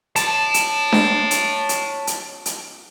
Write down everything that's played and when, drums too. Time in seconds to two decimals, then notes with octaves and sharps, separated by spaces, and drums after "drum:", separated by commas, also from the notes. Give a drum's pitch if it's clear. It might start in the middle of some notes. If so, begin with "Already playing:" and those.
0.16 C#5 A5, drum: hi-hat
0.54 drum: hi-hat
0.92 drum: snare D4
1.31 drum: hi-hat
1.69 drum: hi-hat
2.07 drum: hi-hat
2.46 drum: hi-hat